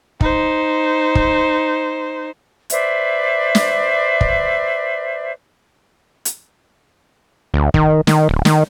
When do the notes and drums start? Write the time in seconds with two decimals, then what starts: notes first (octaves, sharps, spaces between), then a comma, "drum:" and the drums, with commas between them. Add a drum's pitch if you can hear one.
0.21 D#4 C5, drum: kick
1.15 drum: kick
2.70 B4 C5 D5 E5, drum: hi-hat
3.55 drum: snare
4.21 drum: kick
6.25 drum: hi-hat
7.54 D2
7.74 D#3, drum: kick
8.07 D#3, drum: snare
8.29 D1
8.45 D#3, drum: snare